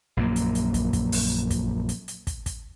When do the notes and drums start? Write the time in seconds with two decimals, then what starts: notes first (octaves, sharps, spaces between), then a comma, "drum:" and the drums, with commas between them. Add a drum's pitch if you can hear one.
0.17 A#1 F#2 A#3
0.36 drum: hi-hat
0.55 drum: hi-hat
0.74 drum: kick, hi-hat
0.93 drum: kick, hi-hat
1.12 drum: open hi-hat
1.50 drum: kick, hi-hat
1.89 drum: hi-hat
2.08 drum: hi-hat
2.27 drum: kick, hi-hat
2.46 drum: kick, hi-hat